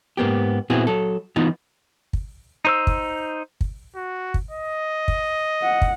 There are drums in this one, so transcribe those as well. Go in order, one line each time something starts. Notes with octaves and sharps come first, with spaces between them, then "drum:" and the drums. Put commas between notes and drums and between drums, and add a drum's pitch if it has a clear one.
G#2 A#3 B3 G4
A#2 B3 C4 E4 F#4 G#4
F#3 A4
E3 B3 D#4 F4
drum: kick
D#4 C5 E6
drum: kick
drum: kick
F#4
drum: kick
D#5
drum: kick
F#5
drum: kick